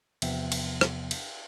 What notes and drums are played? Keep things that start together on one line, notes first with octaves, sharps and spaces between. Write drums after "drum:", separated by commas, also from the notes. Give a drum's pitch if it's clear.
E2 C3 F3 B3 E5 G5, drum: cymbal
drum: cymbal
drum: rim click
drum: cymbal